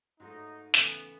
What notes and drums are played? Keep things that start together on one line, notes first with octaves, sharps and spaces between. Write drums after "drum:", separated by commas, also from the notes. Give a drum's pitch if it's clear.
G#2 F#3 A3 D#4
C#3 E3 A3 B3, drum: snare